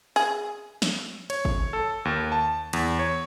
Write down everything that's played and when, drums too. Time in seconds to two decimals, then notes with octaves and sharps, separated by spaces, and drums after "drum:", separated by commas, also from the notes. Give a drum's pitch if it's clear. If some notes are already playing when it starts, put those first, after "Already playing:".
0.16 G#4, drum: open hi-hat
0.82 drum: snare
1.30 C#5, drum: cymbal
1.45 drum: kick G#1
1.73 A4
2.05 D#2
2.32 A5
2.73 E2, drum: cymbal
2.99 C#5